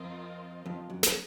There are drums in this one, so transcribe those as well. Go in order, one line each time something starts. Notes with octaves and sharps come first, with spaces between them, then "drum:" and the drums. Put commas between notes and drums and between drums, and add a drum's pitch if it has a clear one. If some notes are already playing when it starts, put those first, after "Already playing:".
Already playing: F2 C4 F4 A#4 D#5
F2
F#2
drum: snare